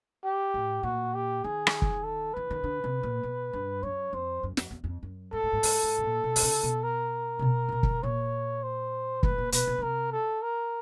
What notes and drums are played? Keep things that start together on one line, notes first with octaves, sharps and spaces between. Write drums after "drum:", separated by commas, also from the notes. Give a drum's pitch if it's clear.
G4
A2
A#2 F#4
G4
D#3 G#4
drum: rim click
drum: kick
A4
E3 B4
D#3
D3
C3
A#2
B2
G2
F#2 C#5
F2 C5
F#2
F2, drum: snare
E2
F2
F#2
G#2 A4
A2
G#2
G#2, drum: open hi-hat
G#2
B2
A#2
B2
D3, drum: open hi-hat
C#3
B2
A#4
C3
B2
C3
B2
drum: kick
A#2 C#5
C5
A2 B4, drum: kick
A#2
B2 B4, drum: hi-hat
B2
C#3
C3 A#4
A4
A#4